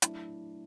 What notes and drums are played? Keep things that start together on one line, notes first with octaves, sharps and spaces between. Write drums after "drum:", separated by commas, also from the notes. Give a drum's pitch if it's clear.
F#3 A3 D4 E4, drum: hi-hat